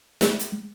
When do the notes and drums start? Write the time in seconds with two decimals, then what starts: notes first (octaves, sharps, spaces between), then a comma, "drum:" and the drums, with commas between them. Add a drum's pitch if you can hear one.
0.21 G#3, drum: snare
0.39 drum: hi-hat